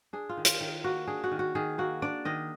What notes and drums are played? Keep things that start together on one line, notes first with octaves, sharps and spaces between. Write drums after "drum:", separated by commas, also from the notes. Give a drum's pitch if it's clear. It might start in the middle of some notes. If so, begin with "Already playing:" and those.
D4 G#4
F4
D#3
F4, drum: hi-hat
D#3
A#3 F#4
D4 G#4
F#4
D#3
F#4
D#3 G#4
A#3 F#4
D4 D5
D#3 D#5